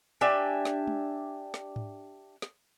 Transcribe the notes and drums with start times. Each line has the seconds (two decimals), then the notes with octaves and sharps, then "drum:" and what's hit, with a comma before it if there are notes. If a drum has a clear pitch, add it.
0.21 D4 G4 E5 G#5
0.65 drum: snare
0.88 drum: tom
1.54 drum: snare
1.76 drum: tom G#2
2.42 drum: snare